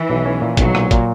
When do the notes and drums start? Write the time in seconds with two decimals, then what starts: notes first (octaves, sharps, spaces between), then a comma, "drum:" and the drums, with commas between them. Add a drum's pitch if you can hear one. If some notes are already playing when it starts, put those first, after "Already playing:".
Already playing: E3
0.10 B1
0.25 C#4
0.41 A#2
0.57 B1 F#3, drum: kick G#1, hi-hat
0.75 A#2, drum: rim click
0.91 A#2, drum: kick G#1, hi-hat